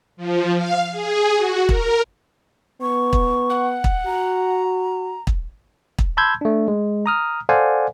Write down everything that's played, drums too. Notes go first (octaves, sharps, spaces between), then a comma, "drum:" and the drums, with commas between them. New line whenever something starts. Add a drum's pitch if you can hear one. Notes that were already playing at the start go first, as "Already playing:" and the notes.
F3
F5
G#4
F#4
A#4, drum: kick
B3 C#6
drum: kick
F#5
drum: kick
F#4 A#5
drum: kick
drum: kick
A5 B5 C6 E6 G6 G#6
A3 D4
G#3
A#5 D#6 F6
A4 C5 D5 F5 F#5 G#5